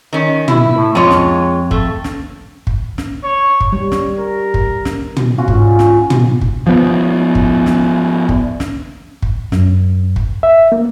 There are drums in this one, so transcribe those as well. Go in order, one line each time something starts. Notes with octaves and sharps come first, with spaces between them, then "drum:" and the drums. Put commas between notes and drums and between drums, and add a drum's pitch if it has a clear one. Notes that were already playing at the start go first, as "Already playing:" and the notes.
D#3 C#4
E4, drum: tom
A2
F2 G#3 F4 C#5
drum: snare
A3, drum: kick
drum: snare
drum: kick
drum: snare
C#5
drum: kick
G3 C#5
drum: snare
A#4
drum: kick
drum: snare
drum: tom
G#2 C#4 F4 F#4
drum: kick
drum: snare
drum: tom
drum: kick
F3 B3
drum: kick
drum: snare
drum: kick
drum: snare
drum: kick
F#2, drum: snare
drum: kick
E5
A#3